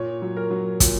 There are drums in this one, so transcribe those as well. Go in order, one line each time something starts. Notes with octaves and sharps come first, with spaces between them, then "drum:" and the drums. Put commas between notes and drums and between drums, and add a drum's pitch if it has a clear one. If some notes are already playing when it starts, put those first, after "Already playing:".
Already playing: A#2 C#5
F#3
A#4
F#3
A#2, drum: kick, hi-hat